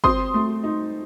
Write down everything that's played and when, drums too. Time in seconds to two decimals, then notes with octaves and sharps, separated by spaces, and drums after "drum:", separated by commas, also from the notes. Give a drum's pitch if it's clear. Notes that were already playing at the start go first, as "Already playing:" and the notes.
0.04 C4 C6 D#6, drum: kick
0.34 A3
0.64 D#4